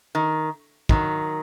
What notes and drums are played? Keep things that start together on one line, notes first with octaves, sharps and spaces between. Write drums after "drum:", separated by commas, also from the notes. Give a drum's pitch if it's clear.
D#3
D#3 F#3, drum: kick